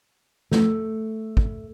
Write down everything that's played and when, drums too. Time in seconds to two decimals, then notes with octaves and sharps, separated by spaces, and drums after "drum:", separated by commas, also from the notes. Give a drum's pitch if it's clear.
0.51 A3, drum: snare
1.37 drum: kick